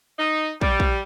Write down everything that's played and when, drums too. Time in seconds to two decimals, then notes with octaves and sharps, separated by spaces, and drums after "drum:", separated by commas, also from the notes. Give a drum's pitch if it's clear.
0.19 D#4
0.61 G3, drum: kick
0.80 drum: kick